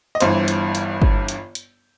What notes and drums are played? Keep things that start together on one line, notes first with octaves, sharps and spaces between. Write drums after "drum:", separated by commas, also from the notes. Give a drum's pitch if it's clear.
D#5
G1 G2 E3 C5, drum: hi-hat
drum: hi-hat
drum: hi-hat
drum: kick G1
drum: hi-hat
drum: hi-hat